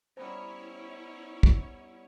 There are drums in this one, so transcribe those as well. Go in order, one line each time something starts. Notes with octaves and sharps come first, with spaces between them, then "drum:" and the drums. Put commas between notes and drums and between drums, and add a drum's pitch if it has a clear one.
G3 B3 C#4 E4 C5 C#5 A#5
drum: kick